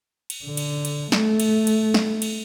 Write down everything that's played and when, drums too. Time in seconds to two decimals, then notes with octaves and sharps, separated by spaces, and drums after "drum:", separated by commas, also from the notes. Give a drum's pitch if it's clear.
0.30 drum: cymbal
0.44 D3
0.57 drum: cymbal
0.85 drum: cymbal
1.12 A3, drum: snare
1.40 drum: cymbal
1.67 drum: cymbal
1.94 drum: snare
2.22 drum: cymbal